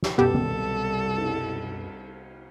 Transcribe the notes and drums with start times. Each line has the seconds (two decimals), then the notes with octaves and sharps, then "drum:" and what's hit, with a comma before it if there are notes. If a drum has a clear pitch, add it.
0.03 drum: snare
0.18 C2 F#2 B2 B3 G4 A4
0.34 drum: tom
1.17 drum: cymbal